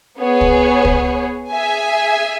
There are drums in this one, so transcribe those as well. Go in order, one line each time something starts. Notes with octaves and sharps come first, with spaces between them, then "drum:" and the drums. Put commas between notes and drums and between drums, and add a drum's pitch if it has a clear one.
B3 G#4 C#5
drum: kick
drum: kick
G#4 E5 G#5